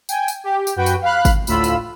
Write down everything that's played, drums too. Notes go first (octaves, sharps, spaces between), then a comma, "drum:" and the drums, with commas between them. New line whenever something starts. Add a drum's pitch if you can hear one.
G5 G#5, drum: tambourine
drum: tambourine
G4
drum: tambourine
F#2 F#4 B4 G5
drum: tambourine
F5 B5 F#6
drum: kick G#1, tambourine
D2 A2 F4 B5 E6, drum: tambourine
drum: tambourine